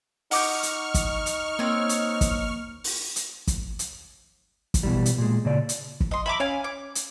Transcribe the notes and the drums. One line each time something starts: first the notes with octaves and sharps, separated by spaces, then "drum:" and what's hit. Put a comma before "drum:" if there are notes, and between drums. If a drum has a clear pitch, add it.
D#4 F#5 C#6 D6 F6 G6, drum: open hi-hat
drum: hi-hat
drum: kick, hi-hat
drum: hi-hat
A#3 C4 C#5
drum: hi-hat
drum: kick, hi-hat
drum: open hi-hat
drum: hi-hat
drum: kick, hi-hat
drum: hi-hat
drum: kick, hi-hat
B2 E3 G3
drum: hi-hat
A#2 G#3
A#2 C#3 D5
drum: hi-hat
drum: kick
D#5 C6
E5 G#5 A#5 B5 D6
C#4 F5 G#5
D6
drum: hi-hat